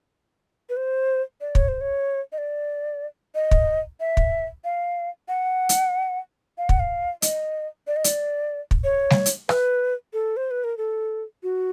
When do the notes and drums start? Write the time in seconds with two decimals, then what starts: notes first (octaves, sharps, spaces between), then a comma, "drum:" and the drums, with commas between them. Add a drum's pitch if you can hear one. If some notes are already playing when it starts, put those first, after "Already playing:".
0.69 B4
0.77 C5
1.41 D5
1.55 C#5, drum: kick
1.68 C5
1.81 C#5
2.32 D#5
2.38 D5
3.35 D#5
3.51 drum: kick
4.00 E5
4.17 drum: kick
4.64 F5
5.28 F#5
5.69 drum: hi-hat
6.58 F5
6.69 F#5, drum: kick
6.80 F5
7.22 D#5, drum: hi-hat
7.87 D5
7.96 D#5
8.04 D5, drum: hi-hat
8.71 drum: kick
8.84 C#5
9.10 drum: snare G3
9.26 drum: hi-hat
9.49 B4, drum: rim click
10.13 A4
10.37 C5
10.51 B4
10.64 A#4
10.78 A4
11.43 F#4